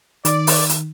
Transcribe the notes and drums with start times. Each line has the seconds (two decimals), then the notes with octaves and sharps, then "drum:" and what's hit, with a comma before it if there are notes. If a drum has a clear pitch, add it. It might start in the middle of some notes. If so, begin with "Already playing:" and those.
0.25 D#3 D5, drum: hi-hat
0.47 drum: open hi-hat
0.69 drum: hi-hat